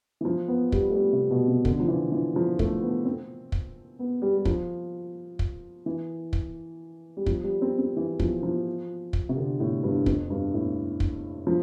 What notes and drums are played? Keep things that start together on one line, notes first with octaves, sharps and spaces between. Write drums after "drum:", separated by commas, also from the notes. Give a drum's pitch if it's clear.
E3
F3
B3
G3, drum: kick
A3
G3
C3
B2
C3
D3, drum: kick
F3
E3
E3
F3
A3, drum: kick
B3
C4
drum: kick
B3
G3
G3
F3, drum: kick
drum: kick
E3
drum: kick
G3
F3, drum: kick
G3
C4
C4
E3
F3, drum: kick
F3
drum: kick
C3
D3
A2
G2
F2, drum: kick
G2
A2
drum: kick
F3